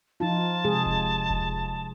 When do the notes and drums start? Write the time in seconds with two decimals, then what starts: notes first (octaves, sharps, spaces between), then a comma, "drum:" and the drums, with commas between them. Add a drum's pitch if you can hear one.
0.20 F3 D#4 F4 A5
0.65 C3 G#3 G#4
0.86 drum: kick E1
1.30 drum: kick E1